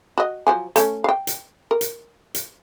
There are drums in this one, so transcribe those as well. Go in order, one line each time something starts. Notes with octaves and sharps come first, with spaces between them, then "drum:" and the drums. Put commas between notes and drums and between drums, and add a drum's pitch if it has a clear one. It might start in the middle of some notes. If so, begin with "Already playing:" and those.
F#4 D#5
F3 F#3 G#5
A3 C#4, drum: hi-hat
F5 G5
drum: hi-hat
A#4
drum: hi-hat
drum: hi-hat